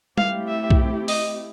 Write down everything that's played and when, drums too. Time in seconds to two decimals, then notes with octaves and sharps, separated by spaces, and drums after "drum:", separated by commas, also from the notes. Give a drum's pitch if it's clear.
0.18 A3 C4 E4 G4 F5, drum: tom G3
0.48 E5
0.70 drum: kick B1
1.08 D#5, drum: open hi-hat